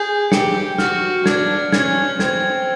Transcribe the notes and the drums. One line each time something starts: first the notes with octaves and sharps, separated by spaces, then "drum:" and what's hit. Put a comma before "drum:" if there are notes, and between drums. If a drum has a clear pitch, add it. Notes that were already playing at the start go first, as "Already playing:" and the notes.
Already playing: G#4 G6
G4 C#7, drum: snare
F#4 F6, drum: snare
D4 G#6, drum: snare
C#4 G#6, drum: snare
C4 G#6, drum: snare